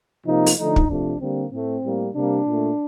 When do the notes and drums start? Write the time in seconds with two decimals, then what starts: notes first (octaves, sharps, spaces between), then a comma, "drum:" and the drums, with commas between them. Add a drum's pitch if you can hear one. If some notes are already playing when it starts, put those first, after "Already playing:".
0.25 C3 F3 A#3 D#4
0.46 drum: open hi-hat
0.56 D3 F3 A3 D#4
0.76 drum: kick
0.88 C3 F3 A3 D4
1.19 D3 G3 A#3 C4
1.51 A2 A3 C4
1.83 A2 G3 A#3
2.14 C3 G3 A#3 D4
2.45 A#2 A3